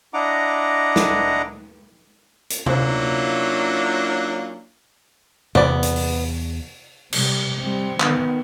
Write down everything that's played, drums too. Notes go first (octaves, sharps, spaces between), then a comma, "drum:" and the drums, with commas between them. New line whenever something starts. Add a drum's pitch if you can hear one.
D4 E4 D#5 F#5 A#5 D6
drum: snare
drum: hi-hat
F#3 A#3 C#4 D4 E4 F4, drum: tom C3
E2 B3 D5, drum: tom C3
drum: hi-hat
drum: open hi-hat
C3 G3, drum: cymbal
G3 C4
D#3 B3, drum: clap